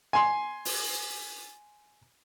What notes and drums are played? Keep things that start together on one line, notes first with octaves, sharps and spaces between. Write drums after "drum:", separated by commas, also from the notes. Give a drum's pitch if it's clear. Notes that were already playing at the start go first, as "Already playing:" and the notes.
G#5 C6
drum: open hi-hat